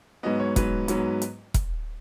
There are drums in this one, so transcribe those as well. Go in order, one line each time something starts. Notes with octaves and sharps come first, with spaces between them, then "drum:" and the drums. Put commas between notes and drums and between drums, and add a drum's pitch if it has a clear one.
G#2 F#3 B3 D#5
C#5
G#2 F#3 B3 B4, drum: kick E1, hi-hat
G#2 F#3 B3, drum: hi-hat
drum: hi-hat
drum: kick E1, hi-hat